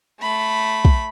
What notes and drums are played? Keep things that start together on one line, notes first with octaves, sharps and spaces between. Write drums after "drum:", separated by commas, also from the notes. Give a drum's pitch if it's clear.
A3 B5
drum: kick